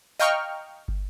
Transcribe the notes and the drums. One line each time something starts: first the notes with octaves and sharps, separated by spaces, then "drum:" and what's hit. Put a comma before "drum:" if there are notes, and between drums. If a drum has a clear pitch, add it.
D#5 F5 G5 A#5 C#6 F6
drum: kick